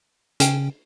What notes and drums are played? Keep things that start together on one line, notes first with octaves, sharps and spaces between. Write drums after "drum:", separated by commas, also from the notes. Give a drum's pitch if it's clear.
C#3 C#4 G5, drum: hi-hat